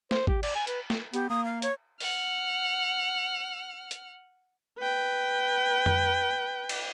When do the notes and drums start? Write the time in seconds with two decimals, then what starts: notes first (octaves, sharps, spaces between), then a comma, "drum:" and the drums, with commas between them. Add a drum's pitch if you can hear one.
0.11 C5, drum: snare
0.27 G4, drum: kick G#1
0.43 D5, drum: cymbal
0.55 G#5
0.67 B4, drum: hi-hat
0.90 drum: snare
1.14 B3 G4, drum: hi-hat
1.30 A#3 D#6
1.45 F5
1.62 C#5, drum: hi-hat
2.00 F#5 F6, drum: open hi-hat
3.91 drum: hi-hat
4.79 B4 G5
5.86 drum: tom F2
6.69 drum: cymbal